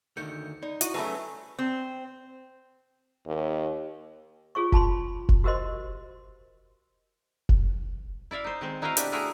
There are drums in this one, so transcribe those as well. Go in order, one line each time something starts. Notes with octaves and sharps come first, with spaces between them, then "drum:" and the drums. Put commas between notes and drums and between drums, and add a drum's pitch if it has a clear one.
D2 D#3 A3 G6 C#7
D#4 D5
E4 F#4 E5 D#7, drum: hi-hat
F#3 A3 C#4 G#4 B4 A5 B5
C4
D#2
F4 G#4 C#5 C#6
F4 A5 B5 C6, drum: kick F1
drum: kick F1
F#4 G4 A#4 C5 D#5 C6
drum: kick F1
E4 D5 E5 F5
D#4 C5
D#3 G#3 C4 C5
D#4 E4 F#4 A#4 D#5 F5
B2 D4 G4 E5, drum: hi-hat
A3 E4 F#4 G#4 A#4